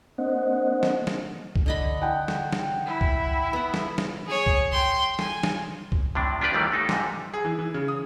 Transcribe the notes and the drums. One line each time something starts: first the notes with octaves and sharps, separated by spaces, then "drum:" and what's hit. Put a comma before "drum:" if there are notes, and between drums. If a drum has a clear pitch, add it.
A#3 C4 D4 C5 D#5 F#5
drum: snare
drum: snare
drum: kick C2
D3 D#5 B5
F#5 G5 A5
drum: snare
drum: snare
E4
drum: kick C2
B3 F#5
drum: snare
drum: snare
G#4 C#5
drum: kick C2
G5 C6
G#5, drum: snare
drum: snare
drum: kick C2
A2 C3 D4
D4 F4 G4 B4 D5
D#2 D#3 E3 G3 A3
A3 D#4 A4
G#2 C3, drum: snare
G#4
E3
E3
C#3
D#6